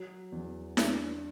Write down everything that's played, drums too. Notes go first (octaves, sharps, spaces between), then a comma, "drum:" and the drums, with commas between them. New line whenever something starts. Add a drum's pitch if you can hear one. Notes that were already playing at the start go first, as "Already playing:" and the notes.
Already playing: F#3
E2
D4, drum: snare E4